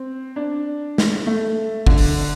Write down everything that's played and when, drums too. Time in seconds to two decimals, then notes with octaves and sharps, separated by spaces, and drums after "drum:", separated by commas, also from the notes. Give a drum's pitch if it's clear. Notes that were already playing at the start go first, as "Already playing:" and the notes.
Already playing: C4
0.36 D4
0.98 drum: snare
1.27 A3
1.87 D3, drum: kick
1.98 drum: open hi-hat